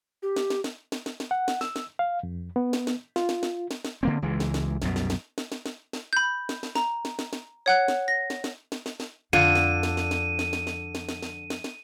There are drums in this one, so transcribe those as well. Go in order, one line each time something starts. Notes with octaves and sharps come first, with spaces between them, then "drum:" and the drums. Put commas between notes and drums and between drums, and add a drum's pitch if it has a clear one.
G4
drum: snare
drum: snare
drum: snare
drum: snare
drum: snare
drum: snare
F#5
drum: snare
E6, drum: snare
drum: snare
F5
F2
B3
drum: snare
drum: snare
F4, drum: snare
drum: snare
drum: snare
drum: snare
drum: snare
D3 A#3 C4
C#2 E3 G#3
drum: snare
drum: snare
C2 F#2 B2, drum: snare
drum: snare
drum: snare
drum: snare
drum: snare
drum: snare
drum: snare
B5 G6
drum: snare
drum: snare
A#5, drum: snare
drum: snare
drum: snare
drum: snare
C#5 F#5 F#6
drum: snare
A#6
drum: snare
drum: snare
drum: snare
drum: snare
drum: snare
F2 D3 F4 D#7
drum: snare
drum: snare
drum: snare
drum: snare
drum: snare
drum: snare
drum: snare
drum: snare
drum: snare
drum: snare
drum: snare
drum: snare